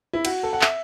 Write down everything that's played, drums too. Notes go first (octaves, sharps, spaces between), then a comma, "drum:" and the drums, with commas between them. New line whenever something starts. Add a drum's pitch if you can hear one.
E4
F#4, drum: cymbal
A4
F#5
E5, drum: clap